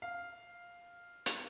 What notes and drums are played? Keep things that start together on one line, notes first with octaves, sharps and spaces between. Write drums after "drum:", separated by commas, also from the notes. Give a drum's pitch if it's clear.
F5
drum: hi-hat